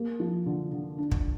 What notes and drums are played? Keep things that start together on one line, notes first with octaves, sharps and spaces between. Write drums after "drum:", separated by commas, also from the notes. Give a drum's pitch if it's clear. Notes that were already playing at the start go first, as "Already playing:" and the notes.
Already playing: A#3
F3
D3
D3
D4
drum: kick